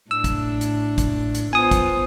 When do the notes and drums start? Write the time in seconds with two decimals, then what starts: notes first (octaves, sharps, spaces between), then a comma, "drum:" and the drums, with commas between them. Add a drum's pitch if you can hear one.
0.11 A2 D4 E6
0.24 drum: kick, hi-hat
0.61 drum: hi-hat
0.98 drum: kick, hi-hat
1.35 drum: hi-hat
1.53 B3 F4 C5 G#5 D#6
1.71 drum: kick, hi-hat